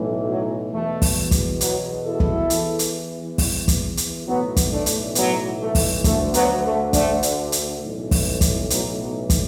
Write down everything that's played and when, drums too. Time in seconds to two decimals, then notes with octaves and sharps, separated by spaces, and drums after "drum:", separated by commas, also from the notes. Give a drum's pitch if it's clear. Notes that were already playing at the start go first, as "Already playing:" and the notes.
Already playing: B1 A2 E3
0.28 F#3
0.72 E2 B2 A3
1.02 drum: kick, open hi-hat
1.31 drum: kick, hi-hat
1.61 F#3 B3, drum: hi-hat
2.05 E4 A4
2.20 drum: kick
2.50 E2 E3, drum: hi-hat
2.79 drum: hi-hat
3.38 drum: kick, open hi-hat
3.68 drum: kick, hi-hat
3.97 drum: hi-hat
4.27 B1 A2 E3 F#3 B3
4.56 drum: kick, hi-hat
4.71 A3 D4
4.86 drum: hi-hat
5.15 F#3 B3, drum: hi-hat
5.60 A3
5.75 drum: kick, open hi-hat
6.04 D2 D3 A3, drum: kick, hi-hat
6.34 F#3 B3, drum: hi-hat
6.63 A3
6.93 A3 D4, drum: kick, hi-hat
7.23 drum: hi-hat
7.52 drum: hi-hat
7.82 B1 A2 E3
8.11 drum: kick, open hi-hat
8.41 drum: kick, hi-hat
8.70 F#3 B3, drum: hi-hat
9.00 F#3 B3
9.30 drum: kick, hi-hat